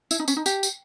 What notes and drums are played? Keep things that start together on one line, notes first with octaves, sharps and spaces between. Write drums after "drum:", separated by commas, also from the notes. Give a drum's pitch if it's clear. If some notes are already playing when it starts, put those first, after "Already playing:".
E4, drum: tambourine
D#4
C#4, drum: tambourine
D#4
G4, drum: tambourine
drum: tambourine